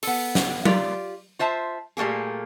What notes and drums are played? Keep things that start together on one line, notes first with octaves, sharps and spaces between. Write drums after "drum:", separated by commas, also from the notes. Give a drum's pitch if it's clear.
B3 A4, drum: open hi-hat
drum: snare
F4 G4 D5, drum: tom F#3
F4 C5 E5 A5
A#2 G3 A3 A#3 G#4